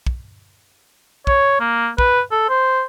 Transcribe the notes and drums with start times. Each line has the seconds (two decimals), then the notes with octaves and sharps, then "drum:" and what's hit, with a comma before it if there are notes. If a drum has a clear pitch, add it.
0.07 drum: kick
1.27 C#5, drum: kick
1.60 A#3
1.98 B4, drum: kick
2.32 A4
2.49 C5